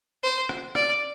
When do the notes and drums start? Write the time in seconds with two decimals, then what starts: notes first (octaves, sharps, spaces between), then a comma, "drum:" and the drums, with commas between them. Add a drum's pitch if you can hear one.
0.23 C5
0.49 drum: rim click
0.75 D5, drum: rim click